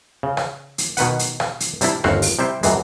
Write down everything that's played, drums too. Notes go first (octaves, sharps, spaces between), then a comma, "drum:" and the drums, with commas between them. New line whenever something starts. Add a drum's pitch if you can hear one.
C#3
drum: rim click
drum: hi-hat
B2 D#3 B4 F#5, drum: hi-hat
drum: hi-hat
drum: rim click
drum: hi-hat
C3 G3 D4 E4, drum: hi-hat
G1 D#2 C4 F#4 F5 F#5, drum: rim click
drum: open hi-hat
C3 G3 E4 C5 G5
F#2 A2 E3 G#3, drum: hi-hat